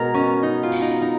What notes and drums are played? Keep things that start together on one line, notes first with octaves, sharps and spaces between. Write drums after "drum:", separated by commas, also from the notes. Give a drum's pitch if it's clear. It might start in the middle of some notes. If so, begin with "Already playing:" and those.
Already playing: B2 G#3 B3 A#4
C#4
D#4
F4
drum: open hi-hat
D#4
D#4